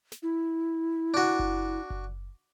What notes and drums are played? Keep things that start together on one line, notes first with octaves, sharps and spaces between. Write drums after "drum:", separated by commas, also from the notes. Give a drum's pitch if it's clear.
drum: snare
E4
D4 F#4
drum: kick F#1
drum: kick F#1